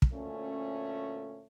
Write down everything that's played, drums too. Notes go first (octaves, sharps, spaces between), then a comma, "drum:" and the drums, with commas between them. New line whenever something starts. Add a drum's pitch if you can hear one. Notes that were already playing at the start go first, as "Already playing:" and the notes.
drum: kick
D2 A#2 A3 C#4